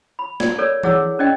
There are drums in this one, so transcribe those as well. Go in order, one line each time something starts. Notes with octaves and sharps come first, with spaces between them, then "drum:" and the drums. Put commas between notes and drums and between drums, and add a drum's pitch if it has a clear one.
B5
D5, drum: snare
A4 A#4 C#5 D5
E4 G#4 C#5 F#5 D6 E6, drum: tom E3
C#4 D5 D#5 G5